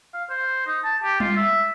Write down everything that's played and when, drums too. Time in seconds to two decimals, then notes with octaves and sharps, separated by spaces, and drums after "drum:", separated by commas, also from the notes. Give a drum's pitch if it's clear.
0.14 F5
0.30 C5
0.67 D#4
0.84 A5
1.04 G4
1.20 F4, drum: tom G3
1.36 E5